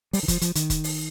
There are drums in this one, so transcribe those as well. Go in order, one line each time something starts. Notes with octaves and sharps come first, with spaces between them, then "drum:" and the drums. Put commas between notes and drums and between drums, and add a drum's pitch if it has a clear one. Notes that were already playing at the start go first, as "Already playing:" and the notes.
G3, drum: open hi-hat
D#3
F3, drum: kick F1, hi-hat
F3, drum: hi-hat
D#3, drum: hi-hat
drum: kick F1, hi-hat
drum: open hi-hat